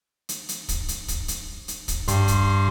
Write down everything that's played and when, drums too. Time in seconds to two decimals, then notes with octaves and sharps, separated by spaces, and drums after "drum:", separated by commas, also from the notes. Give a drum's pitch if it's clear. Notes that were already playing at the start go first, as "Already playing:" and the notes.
0.29 drum: hi-hat
0.49 drum: hi-hat
0.69 drum: kick, hi-hat
0.88 drum: hi-hat
1.08 drum: kick, hi-hat
1.28 drum: hi-hat
1.68 drum: hi-hat
1.88 drum: kick, hi-hat
2.08 G2 C6, drum: hi-hat
2.28 drum: kick, hi-hat